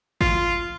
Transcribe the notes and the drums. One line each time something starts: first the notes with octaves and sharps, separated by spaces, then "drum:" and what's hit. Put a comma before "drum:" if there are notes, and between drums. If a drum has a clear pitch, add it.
F4, drum: kick G#1